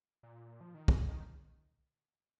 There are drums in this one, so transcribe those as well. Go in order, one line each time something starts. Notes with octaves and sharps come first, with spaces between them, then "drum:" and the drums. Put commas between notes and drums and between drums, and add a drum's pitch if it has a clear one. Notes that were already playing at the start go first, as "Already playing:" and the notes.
A#2
F3
D#3
C#3, drum: kick
D#3